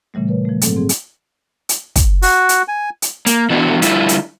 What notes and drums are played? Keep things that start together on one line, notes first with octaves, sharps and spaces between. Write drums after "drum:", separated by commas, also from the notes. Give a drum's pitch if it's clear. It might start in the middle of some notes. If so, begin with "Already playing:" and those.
A#2 C#3 E3 G3 A3
A#4 B4 C#5
F3 A3
G#2 F#3 A3 A#3 C4 A4, drum: hi-hat
C4 G#4
drum: hi-hat
drum: hi-hat
drum: kick, hi-hat
F#4, drum: open hi-hat
drum: hi-hat
G#5
drum: hi-hat
A#3, drum: hi-hat
E3 B3 D4 E4 F#4
D3 G3 E4 F4, drum: hi-hat
drum: hi-hat